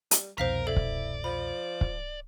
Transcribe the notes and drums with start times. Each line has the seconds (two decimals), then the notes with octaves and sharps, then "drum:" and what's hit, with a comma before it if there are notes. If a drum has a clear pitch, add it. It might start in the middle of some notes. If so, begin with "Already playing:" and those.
0.11 G3, drum: hi-hat
0.38 C2 F2 B2 D#3 A#4 C5 F5 B6
0.67 E4 A4 D5
0.76 drum: kick
1.24 F3 B5
1.81 drum: kick